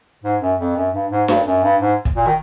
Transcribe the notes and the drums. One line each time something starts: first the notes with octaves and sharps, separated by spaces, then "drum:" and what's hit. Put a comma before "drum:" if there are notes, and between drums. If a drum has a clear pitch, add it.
G#2
F#2
F2
F#2
G2
G#2
G2, drum: snare D4
F#2
G2
G#2
drum: kick
A#2
D#3